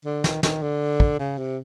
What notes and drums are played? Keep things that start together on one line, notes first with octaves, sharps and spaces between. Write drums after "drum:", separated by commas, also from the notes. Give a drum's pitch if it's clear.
D3
D#3, drum: snare
D#3, drum: snare
D3
drum: kick
C#3
C3